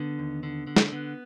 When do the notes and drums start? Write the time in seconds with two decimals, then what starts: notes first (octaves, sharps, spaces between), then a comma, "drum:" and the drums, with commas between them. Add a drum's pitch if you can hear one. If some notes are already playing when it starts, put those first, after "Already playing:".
Already playing: D3 B3
0.19 D#2
0.43 D3
0.67 D3
0.76 drum: snare
0.92 D3 B3